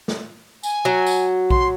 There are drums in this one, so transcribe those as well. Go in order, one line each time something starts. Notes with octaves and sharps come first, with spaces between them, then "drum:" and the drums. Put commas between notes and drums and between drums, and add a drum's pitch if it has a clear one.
drum: snare
G#5, drum: tambourine
F#3
drum: tambourine
C6, drum: kick A#1